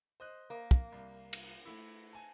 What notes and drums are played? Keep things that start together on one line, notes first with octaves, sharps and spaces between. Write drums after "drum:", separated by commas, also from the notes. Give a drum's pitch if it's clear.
C5 D#5 F#6
A#3
drum: kick
C2
drum: cymbal
A3 E4
G#5 A5